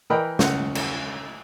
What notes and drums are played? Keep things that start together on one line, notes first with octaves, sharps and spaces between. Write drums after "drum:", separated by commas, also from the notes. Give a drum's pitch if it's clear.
E3 A#4 D#5 G5 B5
C#2 F#5, drum: snare
drum: cymbal